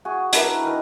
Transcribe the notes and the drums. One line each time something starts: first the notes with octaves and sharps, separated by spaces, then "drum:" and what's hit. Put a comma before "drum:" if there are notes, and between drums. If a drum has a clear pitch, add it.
F#4 G#4
D4 E4 A#4 B4, drum: hi-hat
D#3 A#4